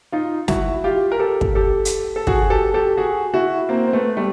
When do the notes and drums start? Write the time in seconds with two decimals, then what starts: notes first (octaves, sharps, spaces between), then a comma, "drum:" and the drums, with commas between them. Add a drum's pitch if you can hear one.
0.12 D#4 F4
0.48 E4 F#4, drum: snare
0.84 F4 G4
1.12 A#4
1.19 G4 A4
1.41 drum: kick
1.55 G4 A4
1.85 drum: hi-hat
2.16 A4
2.27 F#4 G#4, drum: kick
2.43 G#4
2.50 G4 A4
2.74 G4 A4
2.97 F#4 G#4
3.34 E4 F#4
3.69 A#3 C4
3.87 C4
3.93 A3 B3
4.17 G3 A3